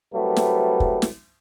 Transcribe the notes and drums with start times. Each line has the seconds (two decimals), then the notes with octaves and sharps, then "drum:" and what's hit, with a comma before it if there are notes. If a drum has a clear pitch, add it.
0.15 C2 F#3 G3 A3 B4
0.36 drum: snare
0.80 drum: kick
1.02 drum: snare